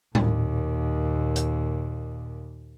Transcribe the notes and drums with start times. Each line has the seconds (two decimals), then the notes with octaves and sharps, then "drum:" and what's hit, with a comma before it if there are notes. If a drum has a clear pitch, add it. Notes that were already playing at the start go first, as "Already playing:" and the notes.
0.15 D#2 A#2, drum: tom A2
1.36 drum: hi-hat